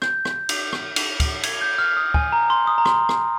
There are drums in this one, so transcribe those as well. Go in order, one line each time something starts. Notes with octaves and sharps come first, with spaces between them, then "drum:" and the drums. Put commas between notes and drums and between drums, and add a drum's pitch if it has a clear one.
G6, drum: rim click
drum: rim click
drum: cymbal
drum: rim click
drum: cymbal
drum: kick, cymbal
G#6, drum: cymbal
G6
F6
D#6
G#5, drum: kick
A#5
C6
D#6
A#5
C6, drum: rim click
drum: rim click